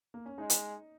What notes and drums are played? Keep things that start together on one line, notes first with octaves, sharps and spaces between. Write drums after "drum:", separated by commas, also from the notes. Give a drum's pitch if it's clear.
A#3
C#4
G#3 D#4
drum: hi-hat